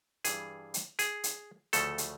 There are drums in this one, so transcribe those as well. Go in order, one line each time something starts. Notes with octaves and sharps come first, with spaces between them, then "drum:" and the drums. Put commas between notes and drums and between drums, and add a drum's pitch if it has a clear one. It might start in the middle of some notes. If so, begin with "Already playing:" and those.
G2 E3 G3 G#4, drum: hi-hat
drum: hi-hat
G#4, drum: hi-hat
drum: hi-hat
D2 C#3 F3 A3 C#4 A4, drum: hi-hat
drum: hi-hat